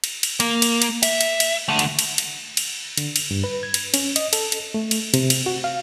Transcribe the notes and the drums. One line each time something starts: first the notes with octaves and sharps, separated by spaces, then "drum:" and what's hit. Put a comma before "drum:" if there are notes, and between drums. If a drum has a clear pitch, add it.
drum: cymbal
drum: cymbal
A#3, drum: cymbal
drum: cymbal
drum: cymbal
E5, drum: cymbal
drum: cymbal
drum: cymbal
D3 A3
drum: cymbal
drum: cymbal
drum: cymbal
drum: cymbal
D3, drum: cymbal
drum: cymbal
G2
B4
G#6
drum: cymbal
C#4, drum: cymbal
D#5, drum: cymbal
A4, drum: cymbal
drum: cymbal
A3
drum: cymbal
C3, drum: cymbal
drum: cymbal
F#4
F5